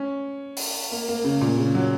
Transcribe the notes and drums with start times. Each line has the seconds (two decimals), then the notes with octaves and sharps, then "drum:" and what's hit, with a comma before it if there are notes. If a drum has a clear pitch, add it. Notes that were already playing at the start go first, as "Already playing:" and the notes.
Already playing: C#4
0.57 drum: open hi-hat
0.92 A#3
1.08 A#3
1.24 C#3
1.41 A#2
1.58 C#3
1.75 F#3